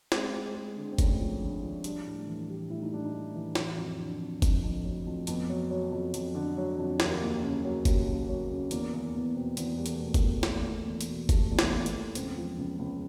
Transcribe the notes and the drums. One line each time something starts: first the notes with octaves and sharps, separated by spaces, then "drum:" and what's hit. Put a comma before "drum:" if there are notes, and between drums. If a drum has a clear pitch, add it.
G#3 C4, drum: snare
G#3
G#3
D3
C4
D2 C#4, drum: kick F#1, hi-hat
F3
D3
F3
G3 D4, drum: hi-hat
A2
E3
G3
A2 E4
D#4
G3 D4
D#4
A2
E3
F#3 D#4, drum: snare
F2
D3
F2
F2, drum: kick F#1, hi-hat
F2
F#3
F2
F2 B3, drum: hi-hat
F#3
F#3
F2
F2, drum: hi-hat
D3
F#3
F2
D#2 A#3, drum: snare
D#2
C#3
F#3
D#2, drum: kick F#1, hi-hat
C#3
F#3
C#3
E2 A#3, drum: hi-hat
E2 A#3
E2 B3
B2 C4
E2 B3, drum: hi-hat
G3 A#3
A3, drum: hi-hat
B2
A#3, drum: kick F#1, hi-hat
E2
E2 A3, drum: snare
E2
A#3
E2
A3, drum: hi-hat
B2
G3 A3, drum: kick F#1, hi-hat
E2
A#3, drum: snare
E2
B3, drum: hi-hat
E2
C#2 C4, drum: hi-hat
F3
C#2
C#2